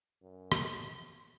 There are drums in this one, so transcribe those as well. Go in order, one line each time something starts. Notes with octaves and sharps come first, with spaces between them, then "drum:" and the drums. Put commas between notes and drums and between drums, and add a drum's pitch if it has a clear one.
F#2
drum: rim click